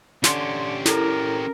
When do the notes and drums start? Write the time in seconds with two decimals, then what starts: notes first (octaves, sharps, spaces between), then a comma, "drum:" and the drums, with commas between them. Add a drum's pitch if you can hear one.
0.24 D3 C#4 G4 C6 C#7, drum: snare
0.86 E4 A4 A#4, drum: snare